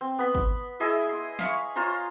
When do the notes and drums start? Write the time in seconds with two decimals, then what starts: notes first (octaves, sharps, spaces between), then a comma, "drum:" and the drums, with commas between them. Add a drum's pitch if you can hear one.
0.01 C4
0.19 B3 B5
0.35 drum: kick
0.80 E4 G#4 D#5 E5
1.09 C6
1.39 F5 B5 C#6, drum: snare
1.75 F4 C5 C#5 A#5